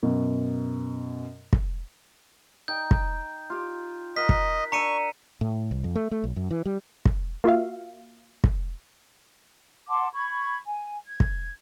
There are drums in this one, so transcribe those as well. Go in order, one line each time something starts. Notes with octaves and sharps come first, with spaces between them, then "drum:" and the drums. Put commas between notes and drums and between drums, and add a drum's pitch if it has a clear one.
F#2 B2
drum: kick
D#4 G5 G6
drum: kick
F4 G4
A#4 D#5 F#5 B6
drum: kick
D4 A#5 C#6 E6 C#7 D#7
A2
C2
F2
A3
A3
B1
F#2
E3
G3
drum: kick
A#3 F4 F#4 E5 F5
drum: kick
F#5 A5 C6 D6
B5 C#6 G#6
G#5
G#6
drum: kick